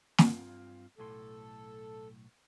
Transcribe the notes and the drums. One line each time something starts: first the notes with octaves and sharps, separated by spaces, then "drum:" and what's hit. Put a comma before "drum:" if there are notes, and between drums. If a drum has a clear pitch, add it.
G2 C4 F4, drum: snare
B1 A2 A4 C6